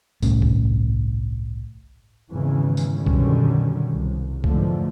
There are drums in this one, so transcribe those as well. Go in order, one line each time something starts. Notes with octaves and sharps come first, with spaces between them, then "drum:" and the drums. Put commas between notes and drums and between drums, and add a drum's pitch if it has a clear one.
G1 C2 A2 C#4, drum: tambourine
drum: kick C2
G#1 E2 C#3 E3
drum: tambourine
F#2 B2 D3 D#3 G3 C#4
drum: kick C2
C2
E2 G#2 D3 F3 A3, drum: kick C2